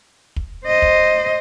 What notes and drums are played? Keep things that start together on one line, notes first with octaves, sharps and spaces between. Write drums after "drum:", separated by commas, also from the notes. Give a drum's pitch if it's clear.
drum: kick
C5 D#5
drum: kick